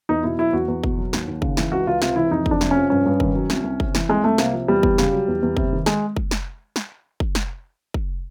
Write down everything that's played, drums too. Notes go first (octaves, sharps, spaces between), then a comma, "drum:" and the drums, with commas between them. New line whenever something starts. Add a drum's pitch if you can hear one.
E2 D#4
B2 E4
F#3 E4
E2 F#4
E2
B2, drum: kick
F#3
D#2, drum: snare
D#2
C#3, drum: kick
E3, drum: snare
C#2 F#4
C#2 F4
C3 F4, drum: snare
E3 E4
F2 D#4
F2, drum: kick
D4
C3, drum: snare
C#4
F3
G2 C#4
G2
D#3, drum: kick
F#3
C2, drum: snare
C2
C3, drum: kick
E3, drum: snare
C2 G#3
C2 A3
C3 A#3, drum: snare
F3
E2 G3
E2, drum: kick
C#3, drum: snare
F#3
E2
E2
C3, drum: kick
D#3
G#3, drum: snare
drum: kick
drum: snare
drum: snare
drum: kick
drum: snare
drum: kick